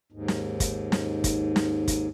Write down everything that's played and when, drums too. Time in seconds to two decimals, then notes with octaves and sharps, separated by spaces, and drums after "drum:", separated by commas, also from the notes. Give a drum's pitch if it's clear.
0.12 D#2 G#2
0.28 drum: snare
0.60 drum: kick, hi-hat
0.92 drum: snare
1.24 drum: kick, hi-hat
1.56 drum: snare
1.88 drum: kick, hi-hat